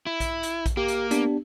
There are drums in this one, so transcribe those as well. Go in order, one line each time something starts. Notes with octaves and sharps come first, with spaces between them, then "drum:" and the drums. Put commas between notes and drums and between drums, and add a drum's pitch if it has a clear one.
E4
drum: kick A#1, hi-hat
drum: hi-hat
drum: kick A#1, hi-hat
A#3 G4
drum: hi-hat
B3 D4 G4, drum: hi-hat